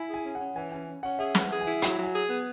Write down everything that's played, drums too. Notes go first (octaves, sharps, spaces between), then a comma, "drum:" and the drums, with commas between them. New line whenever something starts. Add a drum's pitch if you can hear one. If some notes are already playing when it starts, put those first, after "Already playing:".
Already playing: E4 G#5 B5
G#4
G#5
C#4
F#5
C#4
E3 G#5
C#4 G#5
C#4
C#4 F#5
G#4 E5
E3, drum: snare
F#5
G#4
G#5
E4
F#3 B5, drum: hi-hat
F#3 G#5
G#4
B3